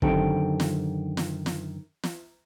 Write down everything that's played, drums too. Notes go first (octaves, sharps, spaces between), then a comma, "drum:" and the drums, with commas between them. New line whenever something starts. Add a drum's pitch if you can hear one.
F#2 D3 D#3 C4 G4 A4, drum: kick
drum: snare
drum: snare
drum: snare
drum: snare